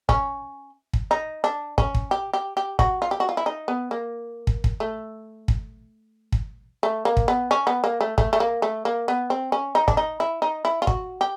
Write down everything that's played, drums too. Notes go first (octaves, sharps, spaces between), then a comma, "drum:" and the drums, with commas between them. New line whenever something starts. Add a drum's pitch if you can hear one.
C#4, drum: kick
drum: kick
D#4
D4
C#4, drum: kick
drum: kick
G4
G4
G4
F#4, drum: kick
F4
G4
F#4
F4
E4
D#4
B3
A#3
drum: kick
drum: kick
A3
drum: kick
drum: kick
A3
A#3
drum: kick
B3
C#4
B3
A#3
A3
A3, drum: kick
A3
A#3
A3
A#3
B3
C4
C#4
D#4
D4, drum: kick
D#4
E4
D#4
E4
F4
F#4, drum: kick
G4